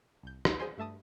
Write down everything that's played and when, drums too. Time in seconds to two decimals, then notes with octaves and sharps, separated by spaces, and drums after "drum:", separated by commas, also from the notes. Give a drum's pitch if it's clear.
0.23 C2 G6
0.45 A1 D2 D#4 A#5, drum: rim click
0.59 G#4 C5 G#5 C6
0.77 G2 A3 E5 A5 D#6